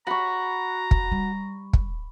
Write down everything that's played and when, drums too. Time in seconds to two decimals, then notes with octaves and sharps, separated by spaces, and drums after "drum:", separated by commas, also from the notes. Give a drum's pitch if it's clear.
0.07 F#4 A#5 B5 C#6
0.91 drum: kick
1.12 G3
1.73 drum: kick